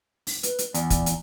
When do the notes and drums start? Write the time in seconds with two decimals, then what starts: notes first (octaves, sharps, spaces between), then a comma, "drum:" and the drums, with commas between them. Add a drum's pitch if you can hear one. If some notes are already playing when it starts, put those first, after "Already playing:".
0.27 drum: open hi-hat
0.43 B4, drum: hi-hat
0.59 drum: hi-hat
0.74 E2 D5, drum: hi-hat
0.90 drum: kick, hi-hat
1.06 drum: hi-hat